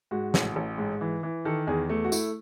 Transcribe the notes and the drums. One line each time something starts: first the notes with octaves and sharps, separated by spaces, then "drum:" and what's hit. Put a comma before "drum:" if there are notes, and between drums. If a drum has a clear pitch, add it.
G#2 F#4
A1, drum: snare
A1
G#2
E3
E3
D#3 A4
E2 G#4
A3
F#4
A3 E4, drum: tambourine